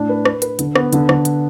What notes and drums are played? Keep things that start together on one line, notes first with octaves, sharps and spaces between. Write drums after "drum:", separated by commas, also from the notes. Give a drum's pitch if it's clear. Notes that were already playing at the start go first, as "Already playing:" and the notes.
Already playing: A2 D4
B4
B4, drum: rim click
B4, drum: hi-hat
D3, drum: hi-hat
B3, drum: rim click
D3, drum: hi-hat
D3, drum: rim click
drum: hi-hat